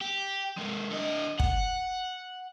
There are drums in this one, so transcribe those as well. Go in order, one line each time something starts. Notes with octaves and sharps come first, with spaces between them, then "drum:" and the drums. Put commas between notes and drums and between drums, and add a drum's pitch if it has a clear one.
G4
G#3 A#3
D3 D#5
F#5, drum: kick